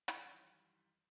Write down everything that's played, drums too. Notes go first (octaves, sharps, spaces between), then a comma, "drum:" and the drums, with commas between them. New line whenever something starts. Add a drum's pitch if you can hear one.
F#2 D#3 E3 G3, drum: hi-hat